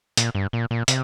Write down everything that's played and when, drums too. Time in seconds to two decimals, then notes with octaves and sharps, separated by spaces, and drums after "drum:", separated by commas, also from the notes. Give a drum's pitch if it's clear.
0.17 A#2, drum: hi-hat
0.35 G2
0.53 A#2
0.71 A#2
0.88 C3, drum: hi-hat